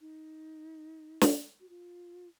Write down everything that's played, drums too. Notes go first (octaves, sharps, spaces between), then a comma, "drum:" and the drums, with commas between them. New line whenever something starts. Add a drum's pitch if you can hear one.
D#4
drum: snare
F#4
F4